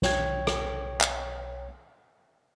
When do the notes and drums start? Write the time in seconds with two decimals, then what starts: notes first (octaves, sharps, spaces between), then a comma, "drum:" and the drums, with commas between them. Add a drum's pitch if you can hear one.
0.02 B1 C#5 G5 G#6, drum: snare
0.47 drum: rim click
1.01 drum: clap